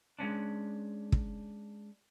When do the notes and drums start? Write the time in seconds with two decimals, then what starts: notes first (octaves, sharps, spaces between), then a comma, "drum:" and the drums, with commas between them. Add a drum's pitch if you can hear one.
0.19 G#3 A#3 C#4 D4
1.12 drum: kick